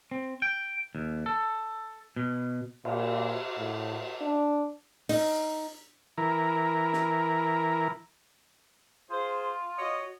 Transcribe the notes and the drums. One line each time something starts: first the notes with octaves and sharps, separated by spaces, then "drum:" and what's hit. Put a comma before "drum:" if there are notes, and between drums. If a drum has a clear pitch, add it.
C4
G5
D#2
A4
B2
A#2, drum: cymbal
A2
D4
D#4, drum: open hi-hat
E3 A#4
drum: snare
F4 G#4 C5
F#4 C#5 D#5